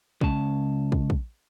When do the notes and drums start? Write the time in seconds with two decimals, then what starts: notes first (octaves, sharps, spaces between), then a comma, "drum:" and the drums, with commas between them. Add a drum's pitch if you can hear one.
0.21 C#2 C#4 A5, drum: kick
0.92 drum: kick
1.10 drum: kick